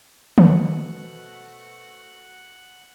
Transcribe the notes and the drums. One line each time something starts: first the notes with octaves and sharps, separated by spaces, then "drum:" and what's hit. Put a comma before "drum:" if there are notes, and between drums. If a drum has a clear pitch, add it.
B2 A3 F#4 B4 C5 F#5 F#6, drum: tom